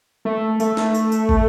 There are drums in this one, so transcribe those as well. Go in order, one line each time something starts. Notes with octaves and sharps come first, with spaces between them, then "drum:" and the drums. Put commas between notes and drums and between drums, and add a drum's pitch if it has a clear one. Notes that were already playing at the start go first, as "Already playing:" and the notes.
A3
A3, drum: tambourine
drum: snare
drum: tambourine
drum: tambourine
drum: kick